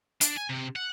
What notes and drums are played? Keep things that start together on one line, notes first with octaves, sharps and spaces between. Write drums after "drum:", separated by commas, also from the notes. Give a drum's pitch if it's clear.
D4, drum: hi-hat
G#5
C3
F#5